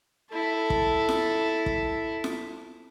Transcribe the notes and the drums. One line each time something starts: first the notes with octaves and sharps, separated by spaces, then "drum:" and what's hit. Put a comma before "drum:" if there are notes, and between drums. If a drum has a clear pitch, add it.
E4 A4
drum: kick
drum: snare F4
drum: kick
drum: snare F4